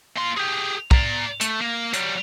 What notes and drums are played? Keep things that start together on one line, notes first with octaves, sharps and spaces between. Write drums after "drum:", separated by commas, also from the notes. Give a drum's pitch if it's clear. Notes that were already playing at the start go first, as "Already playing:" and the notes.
A#3 C6
G4 G#4
D5 A#5, drum: kick
A3, drum: hi-hat
A#3
F#3 G3, drum: hi-hat